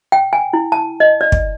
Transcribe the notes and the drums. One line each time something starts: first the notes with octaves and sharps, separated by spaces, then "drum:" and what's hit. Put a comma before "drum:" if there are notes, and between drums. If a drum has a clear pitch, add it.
G5
G#5
E4
A5
D#5
D5
drum: kick